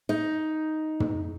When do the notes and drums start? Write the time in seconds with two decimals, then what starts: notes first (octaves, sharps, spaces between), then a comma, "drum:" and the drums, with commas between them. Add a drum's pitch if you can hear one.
0.09 D#4
1.00 drum: tom